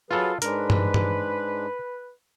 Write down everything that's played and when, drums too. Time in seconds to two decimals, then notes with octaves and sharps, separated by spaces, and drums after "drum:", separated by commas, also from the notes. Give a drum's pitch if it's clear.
0.11 F#3 F4 G#4 A4 B4 F5
0.42 G#2 G#3 D4 A#4 B4, drum: hi-hat
0.70 drum: tom G2
0.94 drum: tom G2